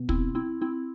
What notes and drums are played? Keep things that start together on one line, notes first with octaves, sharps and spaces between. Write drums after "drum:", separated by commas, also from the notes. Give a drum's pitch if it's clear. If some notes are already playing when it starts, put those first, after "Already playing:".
Already playing: B2 B3
C4 E4, drum: kick
C4 E4
C4 E4